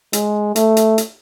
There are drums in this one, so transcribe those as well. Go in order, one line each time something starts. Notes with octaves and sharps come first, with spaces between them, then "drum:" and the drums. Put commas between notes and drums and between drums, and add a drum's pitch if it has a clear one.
G#3, drum: hi-hat
A3, drum: hi-hat
drum: hi-hat
drum: hi-hat